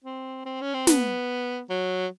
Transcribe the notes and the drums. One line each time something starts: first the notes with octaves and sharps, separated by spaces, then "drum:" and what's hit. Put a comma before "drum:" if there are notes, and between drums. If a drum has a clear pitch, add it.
C4
C4
C#4
C4
B3, drum: snare
F#3